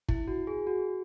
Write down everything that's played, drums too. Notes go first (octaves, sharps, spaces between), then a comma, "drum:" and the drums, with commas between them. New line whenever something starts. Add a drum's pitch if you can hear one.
E4, drum: kick
F#4
G#4
F#4